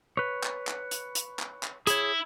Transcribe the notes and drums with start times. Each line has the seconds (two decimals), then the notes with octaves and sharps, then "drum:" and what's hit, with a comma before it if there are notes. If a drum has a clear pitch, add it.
0.17 B4 C#5
0.43 drum: clap
0.67 drum: clap
0.91 drum: hi-hat
1.15 drum: hi-hat
1.39 drum: clap
1.63 drum: clap
1.87 E4 G#4 C#5, drum: hi-hat